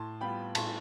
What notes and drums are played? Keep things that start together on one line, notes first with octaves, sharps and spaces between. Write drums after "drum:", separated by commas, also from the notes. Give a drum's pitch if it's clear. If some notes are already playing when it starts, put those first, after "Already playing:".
Already playing: A2 A5 C6
G3 B3 F4 G5 B5
A2 A5 C6, drum: cymbal